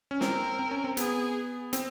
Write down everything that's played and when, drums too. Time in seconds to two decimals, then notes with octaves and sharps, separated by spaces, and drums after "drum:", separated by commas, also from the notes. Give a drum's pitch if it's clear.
0.11 C#4
0.21 C4 A#4, drum: snare
0.59 C4
0.71 C#4
0.84 C4
0.97 B3 G#4, drum: hi-hat
1.73 C4, drum: hi-hat